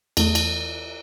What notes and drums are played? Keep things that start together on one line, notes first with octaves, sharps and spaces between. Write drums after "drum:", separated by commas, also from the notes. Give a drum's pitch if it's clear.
E2 A3, drum: cymbal
drum: cymbal